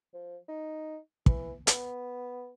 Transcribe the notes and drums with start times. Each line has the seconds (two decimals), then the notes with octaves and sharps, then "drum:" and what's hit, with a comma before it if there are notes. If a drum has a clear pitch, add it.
0.14 F3
0.48 D#4
1.26 E3, drum: kick
1.67 B3, drum: hi-hat